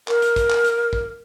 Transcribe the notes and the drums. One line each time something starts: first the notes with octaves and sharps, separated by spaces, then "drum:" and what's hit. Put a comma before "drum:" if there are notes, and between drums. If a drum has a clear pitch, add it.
A#4, drum: clap
drum: hi-hat
drum: kick, hi-hat
drum: clap
drum: hi-hat
drum: kick